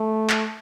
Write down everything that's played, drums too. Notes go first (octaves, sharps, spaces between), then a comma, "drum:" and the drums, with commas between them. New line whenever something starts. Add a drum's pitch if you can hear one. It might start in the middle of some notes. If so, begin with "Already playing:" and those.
Already playing: A3
drum: clap